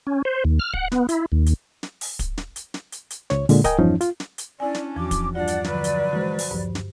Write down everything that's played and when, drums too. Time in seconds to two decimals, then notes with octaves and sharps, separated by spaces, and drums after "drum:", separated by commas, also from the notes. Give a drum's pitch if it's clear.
0.07 C#4
0.25 C5
0.45 D#2
0.59 F6
0.73 F#5, drum: kick
0.92 B3, drum: snare
1.09 E4, drum: hi-hat
1.32 D#2
1.46 drum: hi-hat
1.83 drum: snare
2.01 drum: open hi-hat
2.19 drum: kick, hi-hat
2.38 drum: snare
2.56 drum: hi-hat
2.74 drum: snare
2.92 drum: hi-hat
3.10 drum: hi-hat
3.30 C#2 C#5, drum: snare
3.49 A#2 D3 G#3, drum: open hi-hat
3.64 A#4 D#5 G5 G#5, drum: kick, hi-hat
3.79 E2 G2 F3 C#4 D#4
4.01 F4, drum: hi-hat
4.20 drum: snare
4.38 drum: hi-hat
4.60 C#4 D4 E4 D5 G#5
4.75 drum: snare
4.96 E2 F3 F#4 D6
5.11 drum: kick, hi-hat
5.35 G2 G3 D4 F4 D5 F#5
5.47 drum: hi-hat
5.64 D3 F3 F#3 B4, drum: snare
5.84 drum: hi-hat
6.13 E3 G#3 F#4 C5
6.39 drum: open hi-hat
6.51 D#1 G2 F3
6.75 drum: snare